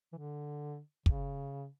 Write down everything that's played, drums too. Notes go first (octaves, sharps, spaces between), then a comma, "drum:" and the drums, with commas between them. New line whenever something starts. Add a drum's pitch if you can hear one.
E3
D3
C#3, drum: kick